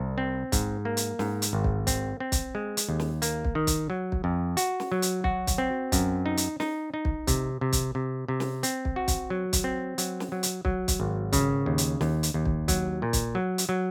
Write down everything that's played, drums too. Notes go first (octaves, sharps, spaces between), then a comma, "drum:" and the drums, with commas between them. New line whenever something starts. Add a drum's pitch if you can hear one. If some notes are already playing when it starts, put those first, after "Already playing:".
Already playing: C2
C4
G#2, drum: kick, hi-hat
A#3
drum: hi-hat
G#2, drum: snare
drum: hi-hat
G#1
drum: kick
C4, drum: kick, hi-hat
C4
drum: kick, hi-hat
G#3
drum: hi-hat
D#2
drum: snare
A#3, drum: hi-hat
drum: kick
D#3
drum: kick, hi-hat
F#3
drum: kick
F2
F#4, drum: hi-hat
drum: snare
F#3
drum: hi-hat
F#4, drum: kick
drum: kick, hi-hat
C4
F#2, drum: kick, hi-hat
D#4
drum: hi-hat
D#4, drum: snare
D#4
drum: kick
C3, drum: kick, hi-hat
C3
drum: kick, hi-hat
C3
C3
drum: snare
C4, drum: hi-hat
drum: kick
F#4
drum: kick, hi-hat
F#3
drum: kick, hi-hat
C4
F#3, drum: hi-hat
drum: snare
F#3
drum: hi-hat
F#3, drum: kick
drum: kick, hi-hat
G#1
C#3, drum: kick, hi-hat
D#2
drum: hi-hat
D#2, drum: snare
drum: hi-hat
D#2
drum: kick
F#3, drum: kick, hi-hat
A#2
drum: kick, hi-hat
F#3
drum: hi-hat
F#3